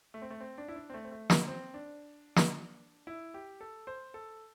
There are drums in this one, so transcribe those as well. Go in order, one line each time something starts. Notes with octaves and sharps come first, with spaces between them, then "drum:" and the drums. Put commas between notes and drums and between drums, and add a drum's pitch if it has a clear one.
A3
C4
A3
C4
D4
E4
D4
C4
A3
C4
A3
drum: snare
C4
D4
drum: snare
E4
G4
A4
C5
A4